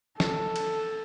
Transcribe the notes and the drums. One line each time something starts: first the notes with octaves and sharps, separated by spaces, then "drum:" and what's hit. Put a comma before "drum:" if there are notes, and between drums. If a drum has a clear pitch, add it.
A4, drum: snare
drum: cymbal